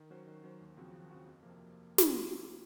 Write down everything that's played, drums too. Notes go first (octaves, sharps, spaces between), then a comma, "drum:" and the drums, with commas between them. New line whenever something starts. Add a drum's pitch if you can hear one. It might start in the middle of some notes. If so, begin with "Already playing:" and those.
Already playing: D#3
F#3 C#4 F#4 C5
D#3
F#3 C#4 F#4 C5
D#2
C#3 F3 C4 F#4
D#2
C#3 F3 C4 F#4
F2
C3 F3 A#3
drum: snare